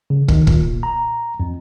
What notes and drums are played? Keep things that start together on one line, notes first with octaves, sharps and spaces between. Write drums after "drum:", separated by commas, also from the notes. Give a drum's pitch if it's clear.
C#3
D#3, drum: kick
A#2, drum: kick
A#5
F2